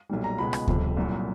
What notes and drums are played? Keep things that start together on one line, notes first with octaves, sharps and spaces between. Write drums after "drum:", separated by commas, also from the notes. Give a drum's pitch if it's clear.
B1 A#2 G3
A#5
C#2 B2 G#3 B5
drum: rim click
G1 F2 C3, drum: kick D2
C2 A#2 F#3